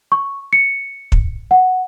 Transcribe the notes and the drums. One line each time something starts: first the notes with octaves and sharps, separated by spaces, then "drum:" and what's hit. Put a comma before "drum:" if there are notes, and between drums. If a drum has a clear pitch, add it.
C#6
C#7
drum: kick
F#5